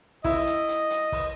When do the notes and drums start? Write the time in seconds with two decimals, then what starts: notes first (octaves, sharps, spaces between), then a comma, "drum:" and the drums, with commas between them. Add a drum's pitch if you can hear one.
0.24 E4 D#5, drum: kick, open hi-hat
0.46 drum: hi-hat
0.68 drum: hi-hat
0.90 drum: hi-hat
1.12 drum: kick, open hi-hat